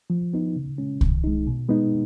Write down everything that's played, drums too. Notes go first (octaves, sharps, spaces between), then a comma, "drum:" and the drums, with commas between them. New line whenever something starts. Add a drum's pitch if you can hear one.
F3
B3 D#4
C#3
G#3 C#4
D#3, drum: kick C2
G#3 D#4
B2
G#3 B3 D#4